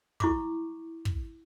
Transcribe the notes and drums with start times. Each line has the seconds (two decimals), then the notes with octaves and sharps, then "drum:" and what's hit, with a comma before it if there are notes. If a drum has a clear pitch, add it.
0.20 E4 C#6 D6, drum: kick
1.05 drum: kick